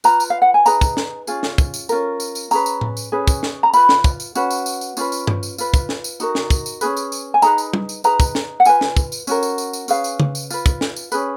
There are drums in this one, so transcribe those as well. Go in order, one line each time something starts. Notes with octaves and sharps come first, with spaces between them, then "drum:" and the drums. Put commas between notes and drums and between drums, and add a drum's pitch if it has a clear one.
F4 B4 A#5, drum: tambourine
drum: tambourine
F5
F#5
G#5
D#4 G#4 B4 A#5, drum: tambourine
drum: kick, tambourine
drum: snare
C#4 F4 G#4, drum: tambourine
drum: snare
drum: kick, tambourine
drum: tambourine
C#4 F4 A#4, drum: tambourine
drum: tambourine
drum: tambourine
C#4 G#4 B4 A#5, drum: tambourine
drum: tambourine
drum: tom A2
drum: tambourine
C#4 G#4 B4
drum: kick, tambourine
drum: snare
A#5
F4 B4 B5, drum: tambourine
drum: snare
drum: kick, tambourine
drum: tambourine
C#4 F#4 B4, drum: tambourine
drum: tambourine
drum: tambourine
drum: tambourine
C#4 F4 B4, drum: tambourine
drum: tambourine
drum: tom G2
drum: tambourine
F4 B4, drum: tambourine
drum: kick, tambourine
drum: snare
drum: tambourine
D#4 F#4 A#4, drum: tambourine
drum: snare
drum: kick, tambourine
drum: tambourine
C#4 F4 G#4 B4, drum: tambourine
drum: tambourine
drum: tambourine
G#5
D#4 G#4 B4 A#5, drum: tambourine
drum: tambourine
drum: tom
drum: tambourine
D#4 G#4 B4 A#5, drum: tambourine
drum: kick, tambourine
drum: snare
F#5
F4 B4 G#5, drum: tambourine
drum: snare
drum: kick, tambourine
drum: tambourine
C#4 F#4 A#4, drum: tambourine
drum: tambourine
drum: tambourine
drum: tambourine
C#4 G#4 B4 F5, drum: tambourine
drum: tambourine
drum: tom
drum: tambourine
F4 B4, drum: tambourine
drum: kick, tambourine
drum: snare
drum: tambourine
C#4 G#4 B4, drum: tambourine